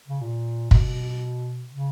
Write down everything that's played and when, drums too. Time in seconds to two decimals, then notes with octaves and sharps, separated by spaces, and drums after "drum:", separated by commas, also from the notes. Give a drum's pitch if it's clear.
0.09 C#3
0.21 A#2
0.71 B2, drum: kick
1.71 C#3